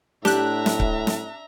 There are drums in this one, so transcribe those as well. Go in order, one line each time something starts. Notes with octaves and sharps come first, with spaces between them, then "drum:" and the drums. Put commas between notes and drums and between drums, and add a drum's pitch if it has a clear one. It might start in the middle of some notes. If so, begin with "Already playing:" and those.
A2 D4 G4 E5 A#5 F#6, drum: snare
drum: snare
drum: kick C#1
drum: snare